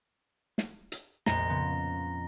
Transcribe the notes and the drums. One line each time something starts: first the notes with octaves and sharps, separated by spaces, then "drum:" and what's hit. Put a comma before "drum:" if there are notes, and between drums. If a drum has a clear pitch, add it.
drum: snare
drum: hi-hat
A#1 F2 A#5 A#6 G7, drum: snare
C#3 F3 B3